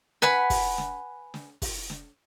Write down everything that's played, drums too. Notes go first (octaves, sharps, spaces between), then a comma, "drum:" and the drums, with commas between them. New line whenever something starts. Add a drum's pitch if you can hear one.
B4 F#5 G#5 B5, drum: snare
drum: kick, open hi-hat
drum: snare
drum: snare
drum: kick, open hi-hat
drum: snare